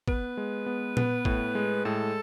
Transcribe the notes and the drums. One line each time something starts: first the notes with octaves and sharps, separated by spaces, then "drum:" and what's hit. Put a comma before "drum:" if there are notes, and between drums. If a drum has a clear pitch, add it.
B3 B4, drum: kick
G#3
B3
B3, drum: tom A#2
A2, drum: kick
G#3
A2 A4